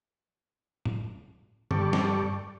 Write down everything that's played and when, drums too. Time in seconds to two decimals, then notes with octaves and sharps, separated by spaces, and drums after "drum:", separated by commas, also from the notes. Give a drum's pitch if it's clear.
0.85 drum: tom A2
1.71 G2 A4 D5 C#6, drum: tom
1.93 drum: snare